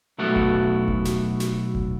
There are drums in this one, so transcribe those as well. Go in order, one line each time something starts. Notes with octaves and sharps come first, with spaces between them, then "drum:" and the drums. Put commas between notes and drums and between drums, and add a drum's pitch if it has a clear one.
B1 A3 B3 E4 F#4 A4
drum: kick E1
drum: kick E1
drum: snare
drum: snare
drum: kick E1